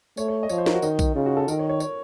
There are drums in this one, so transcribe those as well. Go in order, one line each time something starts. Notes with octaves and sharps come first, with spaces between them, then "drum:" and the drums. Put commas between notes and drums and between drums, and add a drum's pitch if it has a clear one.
A3 C#5, drum: tambourine
C#5
D#5
F3 C#5, drum: tambourine
C5
A#4, drum: snare
F#4
D#3 D#4, drum: tambourine
drum: kick A#1, tambourine
C#3 F4
F#4
A4
D#3 A#4, drum: tambourine
C#5
C#5
C#5, drum: tambourine